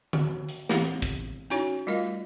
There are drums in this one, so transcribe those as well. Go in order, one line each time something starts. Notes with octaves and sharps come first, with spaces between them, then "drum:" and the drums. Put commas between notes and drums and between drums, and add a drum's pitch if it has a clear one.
F#4, drum: tom D3
drum: hi-hat
E3 B3 C4 E4 G4, drum: snare
drum: kick
C#4 D#4 E4 F#4 C#5, drum: hi-hat
G3 A3 F4 A#4 D#5 F5